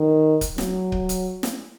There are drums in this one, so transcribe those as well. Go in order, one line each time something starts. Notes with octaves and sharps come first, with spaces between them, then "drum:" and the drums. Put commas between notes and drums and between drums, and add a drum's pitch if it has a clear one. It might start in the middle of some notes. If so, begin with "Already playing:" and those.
Already playing: D#3
drum: kick C#1, hi-hat
F#3, drum: snare
drum: kick C#1
drum: hi-hat
drum: snare